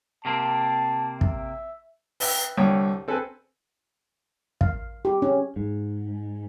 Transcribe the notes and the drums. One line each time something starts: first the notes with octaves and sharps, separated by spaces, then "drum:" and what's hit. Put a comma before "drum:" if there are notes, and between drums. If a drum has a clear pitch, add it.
C3 A#3 C4 A5
E5, drum: kick
B4 E5 G5, drum: open hi-hat
C2 D3 C#5 G5
C4 A4 B4 G5 G#5
F5, drum: kick
G4
C#4
G#2